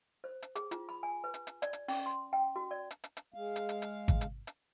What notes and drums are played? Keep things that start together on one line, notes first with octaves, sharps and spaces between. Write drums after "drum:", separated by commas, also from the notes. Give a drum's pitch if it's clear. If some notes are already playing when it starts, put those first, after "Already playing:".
C5
drum: hi-hat
G#4, drum: hi-hat
F4, drum: hi-hat
B5
G#5
B4
drum: hi-hat
drum: hi-hat
D5, drum: hi-hat
drum: hi-hat
C#4, drum: open hi-hat
C6
G5
F#4
D5
drum: hi-hat
drum: hi-hat
drum: hi-hat
G#3 F5
drum: hi-hat
drum: hi-hat
drum: hi-hat
drum: kick G#1, hi-hat
drum: hi-hat
drum: hi-hat